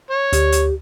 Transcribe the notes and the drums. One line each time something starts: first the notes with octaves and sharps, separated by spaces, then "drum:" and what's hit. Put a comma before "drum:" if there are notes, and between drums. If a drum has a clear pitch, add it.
C#5
D2 G4, drum: hi-hat
drum: hi-hat